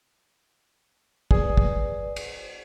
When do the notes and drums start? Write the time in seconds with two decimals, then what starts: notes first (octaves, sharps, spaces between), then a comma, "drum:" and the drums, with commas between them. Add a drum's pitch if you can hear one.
1.31 G#4 B4 D5, drum: kick
1.57 drum: kick
2.16 drum: cymbal